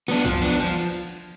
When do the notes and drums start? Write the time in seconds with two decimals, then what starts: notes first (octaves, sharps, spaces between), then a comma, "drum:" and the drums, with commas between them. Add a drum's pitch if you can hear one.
0.08 B3 D4, drum: snare
0.25 F3, drum: kick
0.42 B3 D4
0.60 F3
0.79 drum: cymbal